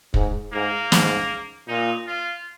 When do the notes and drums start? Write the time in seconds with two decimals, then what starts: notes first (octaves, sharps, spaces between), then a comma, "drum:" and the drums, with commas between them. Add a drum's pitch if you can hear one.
0.14 G#2, drum: kick
0.53 G#2 A#3
0.92 G#2, drum: snare
1.68 A#2 D#4
2.07 F4